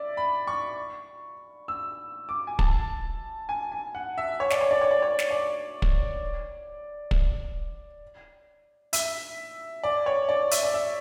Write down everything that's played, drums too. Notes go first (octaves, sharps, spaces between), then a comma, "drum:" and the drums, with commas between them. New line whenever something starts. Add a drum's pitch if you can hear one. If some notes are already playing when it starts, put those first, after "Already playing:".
Already playing: D5 E5
B5
C#6
E6
D6
G#5
A5, drum: kick
G#5
G#5
F#5
E5
C#5
D5, drum: snare
C#5
D5
C#5
D5
C#5
drum: snare
D5
drum: kick
drum: kick
E5, drum: hi-hat
D5
C#5
D5
E5, drum: hi-hat
D5
E5